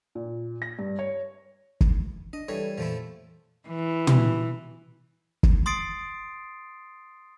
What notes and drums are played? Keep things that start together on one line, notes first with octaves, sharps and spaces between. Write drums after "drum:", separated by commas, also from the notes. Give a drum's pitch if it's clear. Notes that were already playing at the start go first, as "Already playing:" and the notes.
A#2
A#6
G2
C#5
drum: kick
D4 D#5
E3 G3 A4 C#5
F2 A#2 E3 F3 A3 E4
E3
drum: tom
drum: kick
C6 D#6 A6 C7 D7